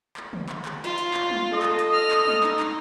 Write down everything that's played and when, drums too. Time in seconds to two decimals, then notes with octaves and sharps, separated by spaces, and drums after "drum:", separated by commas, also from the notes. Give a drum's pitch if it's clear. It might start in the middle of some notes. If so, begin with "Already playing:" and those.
0.17 drum: clap
0.33 drum: tom
0.49 drum: clap
0.65 drum: clap
0.84 F4, drum: hi-hat
0.98 drum: hi-hat
1.14 drum: clap
1.30 drum: tom
1.52 A4 D#5
1.63 drum: clap
1.79 drum: hi-hat
1.93 F6
2.11 drum: clap
2.27 drum: tom
2.44 D#4, drum: clap
2.60 drum: clap